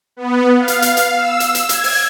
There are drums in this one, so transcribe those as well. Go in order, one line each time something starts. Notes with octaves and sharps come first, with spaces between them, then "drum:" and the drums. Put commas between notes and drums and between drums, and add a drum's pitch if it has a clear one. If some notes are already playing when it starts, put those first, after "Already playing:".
B3
F5
drum: hi-hat
drum: hi-hat
drum: hi-hat
E6
drum: hi-hat
drum: hi-hat
G#6, drum: hi-hat
drum: open hi-hat